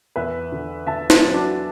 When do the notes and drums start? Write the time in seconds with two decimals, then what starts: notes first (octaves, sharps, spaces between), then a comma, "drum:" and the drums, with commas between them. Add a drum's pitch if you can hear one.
0.16 E2 B4 E5
0.52 D3
0.87 D3 E5 A5
1.10 E5 A5, drum: snare
1.22 F#3
1.34 D4 F#4